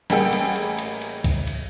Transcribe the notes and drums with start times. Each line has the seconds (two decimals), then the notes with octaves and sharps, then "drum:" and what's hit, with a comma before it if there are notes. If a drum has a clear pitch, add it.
0.10 A1 G3 A#3 G#4 G5 E6, drum: snare
0.33 drum: cymbal
0.56 drum: cymbal
0.79 drum: cymbal
1.01 drum: cymbal
1.24 drum: kick, cymbal
1.47 drum: cymbal